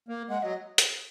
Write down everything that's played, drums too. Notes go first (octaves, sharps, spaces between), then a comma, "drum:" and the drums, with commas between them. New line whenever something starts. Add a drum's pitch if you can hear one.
A#3
G#3 F#5
F#3 D#5
drum: hi-hat